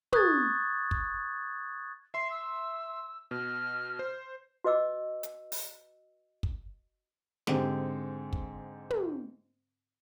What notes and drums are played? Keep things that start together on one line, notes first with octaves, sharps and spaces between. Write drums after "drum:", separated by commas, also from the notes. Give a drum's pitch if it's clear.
C#6 D#6 F#6 G#6 A6, drum: tom
drum: kick
E5 C6 C7
E6
B2 F6
C5
F#4 B4 D#5 D6 E6
drum: hi-hat
drum: open hi-hat
drum: kick
G#2 D3 C4 G4, drum: snare
drum: kick
drum: tom